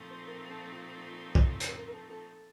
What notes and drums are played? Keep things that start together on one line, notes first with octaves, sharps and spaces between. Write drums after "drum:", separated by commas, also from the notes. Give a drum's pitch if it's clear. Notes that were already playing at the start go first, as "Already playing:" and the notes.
Already playing: A#2 F3 A3 C4 D#4
C5
A#4
A4
F4
drum: kick
G4, drum: hi-hat
A#4
A#4
A4
A4